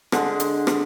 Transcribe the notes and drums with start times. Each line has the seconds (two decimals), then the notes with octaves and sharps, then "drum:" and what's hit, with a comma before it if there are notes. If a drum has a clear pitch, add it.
0.12 D3 G#3, drum: rim click
0.40 drum: hi-hat
0.67 drum: rim click